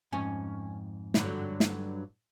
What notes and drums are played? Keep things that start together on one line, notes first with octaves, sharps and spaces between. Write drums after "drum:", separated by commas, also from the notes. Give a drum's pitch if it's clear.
F2 G#2 C#4
G2 D3 F#3, drum: snare
drum: snare